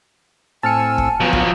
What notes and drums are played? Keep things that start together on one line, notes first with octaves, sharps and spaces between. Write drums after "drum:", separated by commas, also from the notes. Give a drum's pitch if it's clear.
A2 C4 G#5 A5 E6 F6 C#7
drum: kick
F3 F#3 B3
drum: kick